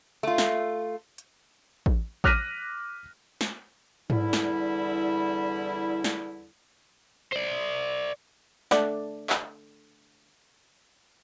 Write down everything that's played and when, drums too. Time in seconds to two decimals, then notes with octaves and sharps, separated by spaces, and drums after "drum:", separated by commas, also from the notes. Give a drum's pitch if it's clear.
0.23 A3 F4
0.38 drum: snare
1.18 drum: hi-hat
1.86 drum: kick A1
2.24 D6 F6 F#6 A#6 B6 D#7, drum: kick A1
3.41 drum: snare
4.10 E2 D3 G3 E4, drum: tom G#2
4.33 drum: snare
6.04 drum: snare
7.33 C5 D5
8.71 D3 A3 D4, drum: snare
9.30 drum: clap